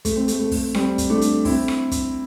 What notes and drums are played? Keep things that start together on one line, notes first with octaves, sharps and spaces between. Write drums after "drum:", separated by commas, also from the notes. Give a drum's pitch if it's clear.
A3, drum: kick, hi-hat
C4
A3, drum: hi-hat
A3
drum: kick, open hi-hat
G3 C4, drum: rim click
drum: kick, hi-hat
A3 D4
drum: hi-hat
C4 E4, drum: kick, open hi-hat
drum: rim click
drum: kick, hi-hat